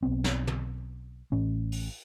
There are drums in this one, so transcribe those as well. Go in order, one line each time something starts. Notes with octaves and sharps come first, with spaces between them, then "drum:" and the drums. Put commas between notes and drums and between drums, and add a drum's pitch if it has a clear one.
B1 B3 C4
drum: snare
drum: tom
A1 A2 C#4
drum: open hi-hat